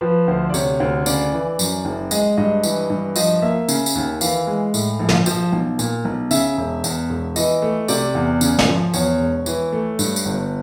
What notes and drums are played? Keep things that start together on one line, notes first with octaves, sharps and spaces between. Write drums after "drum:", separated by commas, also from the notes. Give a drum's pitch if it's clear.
F3 B4
D2 C5
D5
C3 C#5, drum: tambourine
D2
C#3 D5, drum: tambourine
E3
F#2, drum: tambourine
F#1
G#3 D#5, drum: tambourine
G2 D#5
E3, drum: tambourine
G2
F3 D#5, drum: tambourine
A#3 E5
C#3, drum: tambourine
drum: tambourine
D#2
E3 F5, drum: tambourine
G#3
A2, drum: tambourine
A#1
drum: snare
F3, drum: tambourine
B1
A#2, drum: tambourine
B1
C#3 E5, drum: tambourine
E1
E2, drum: tambourine
E1
E3 D#5, drum: tambourine
A3
C3 D5, drum: tambourine
E2
C#3, drum: tambourine
drum: snare
F3
E2 C#5, drum: tambourine
E1
E3, drum: tambourine
A3
G2, drum: tambourine
drum: tambourine
G1